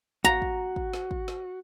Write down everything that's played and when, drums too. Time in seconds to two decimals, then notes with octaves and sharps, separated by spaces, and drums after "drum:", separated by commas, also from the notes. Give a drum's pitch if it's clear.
0.25 F#4 A#5, drum: kick
0.42 drum: kick
0.76 drum: kick
0.93 drum: snare
1.11 drum: kick
1.28 drum: snare